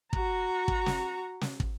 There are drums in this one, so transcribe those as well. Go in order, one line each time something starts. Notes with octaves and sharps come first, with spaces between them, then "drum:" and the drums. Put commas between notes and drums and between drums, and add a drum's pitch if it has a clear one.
F#4 A#5, drum: kick
drum: kick
drum: snare
drum: snare
drum: kick